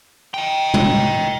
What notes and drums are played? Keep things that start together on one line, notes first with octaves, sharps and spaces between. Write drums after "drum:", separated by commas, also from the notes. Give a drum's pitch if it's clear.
D#5 G5
drum: tom